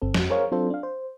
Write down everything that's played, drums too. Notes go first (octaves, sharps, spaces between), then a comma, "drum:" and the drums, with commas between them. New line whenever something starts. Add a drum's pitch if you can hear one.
G1 C4 A4
F2 F#4, drum: snare
G#4 A#4 C5 C#5 F5
F#3 C4 D4 F4 A4 C5
D4 F5
C5